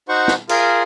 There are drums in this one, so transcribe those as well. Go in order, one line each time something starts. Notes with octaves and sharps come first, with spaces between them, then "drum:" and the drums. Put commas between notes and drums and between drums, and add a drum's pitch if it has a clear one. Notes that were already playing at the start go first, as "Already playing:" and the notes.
D#4 F#4 C5 F#5 C#6
drum: snare
F4 G#4 A#4, drum: cymbal